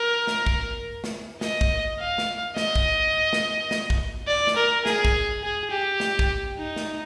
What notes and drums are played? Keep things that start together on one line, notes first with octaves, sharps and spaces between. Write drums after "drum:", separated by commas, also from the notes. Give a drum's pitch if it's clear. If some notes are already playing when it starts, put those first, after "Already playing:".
Already playing: A#4
drum: snare
drum: kick
drum: snare
D#5, drum: snare
drum: kick
F5
drum: snare
D#5, drum: snare
drum: kick
drum: snare
drum: snare
drum: kick
D5
drum: snare
A#4
G#4, drum: snare
drum: kick
G#4
G4
drum: snare
drum: kick
D#4
drum: snare